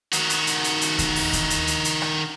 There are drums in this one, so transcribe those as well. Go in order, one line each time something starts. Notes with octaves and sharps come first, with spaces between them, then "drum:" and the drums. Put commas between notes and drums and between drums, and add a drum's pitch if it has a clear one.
D#3 F#4, drum: hi-hat
drum: hi-hat
drum: hi-hat
drum: hi-hat
drum: hi-hat
drum: kick D#2, hi-hat
drum: open hi-hat
drum: kick D#2, hi-hat
drum: hi-hat
drum: hi-hat
drum: hi-hat
drum: rim click